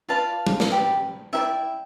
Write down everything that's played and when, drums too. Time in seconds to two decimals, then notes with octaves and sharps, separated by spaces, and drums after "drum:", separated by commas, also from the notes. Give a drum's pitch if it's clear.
0.09 F4 B4 D5 F5 A5
0.47 drum: tom F#3
0.60 drum: snare
0.71 G4 B4 D5
1.33 E4 B4 D5 E5 G5